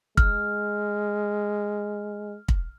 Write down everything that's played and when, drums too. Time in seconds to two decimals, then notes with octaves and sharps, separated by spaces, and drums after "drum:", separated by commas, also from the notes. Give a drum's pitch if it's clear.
0.17 G#3 F6, drum: kick
2.48 drum: kick